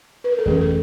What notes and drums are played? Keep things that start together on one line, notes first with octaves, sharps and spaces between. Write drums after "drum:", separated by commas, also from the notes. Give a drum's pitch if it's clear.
B4
A#4
A4
E3 A3 C#4 G#4, drum: kick F2
A4